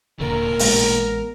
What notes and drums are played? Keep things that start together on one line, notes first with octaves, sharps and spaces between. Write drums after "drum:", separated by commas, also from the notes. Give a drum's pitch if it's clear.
D#1 A#2 D3 A3 A#4
A1 G#3 B3, drum: open hi-hat